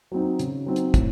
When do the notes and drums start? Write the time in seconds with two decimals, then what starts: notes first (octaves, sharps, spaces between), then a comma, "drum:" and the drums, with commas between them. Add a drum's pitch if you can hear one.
0.12 F#3 C4 D#4
0.39 C#3, drum: hi-hat
0.66 F#3 C4 D#4
0.76 drum: hi-hat
0.94 A2, drum: kick, hi-hat